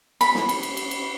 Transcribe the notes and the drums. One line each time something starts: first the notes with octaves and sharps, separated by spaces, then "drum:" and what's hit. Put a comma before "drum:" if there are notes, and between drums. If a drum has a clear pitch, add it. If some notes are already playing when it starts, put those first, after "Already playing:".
B5, drum: cymbal
drum: snare
drum: cymbal
drum: cymbal
drum: cymbal
drum: cymbal